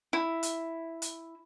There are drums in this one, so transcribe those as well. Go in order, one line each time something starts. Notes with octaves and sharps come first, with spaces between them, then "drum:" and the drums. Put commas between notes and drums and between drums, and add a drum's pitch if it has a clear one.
E4
drum: hi-hat
drum: hi-hat